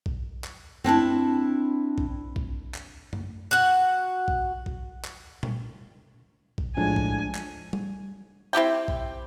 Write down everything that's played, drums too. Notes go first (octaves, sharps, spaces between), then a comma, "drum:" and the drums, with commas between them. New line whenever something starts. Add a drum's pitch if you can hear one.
drum: kick A#1
drum: clap
C4 D4 E4 A5, drum: tom F#2
drum: kick A#1
drum: kick A#1
drum: clap
drum: tom F#2
F#4 F#5
drum: kick A#1
drum: kick A#1
drum: clap
drum: tom A#2
drum: kick A#1
A2 F3 G#3 D4 G#5
drum: kick A#1
drum: clap
drum: tom G3
C4 E4 G4 G5
drum: kick A#1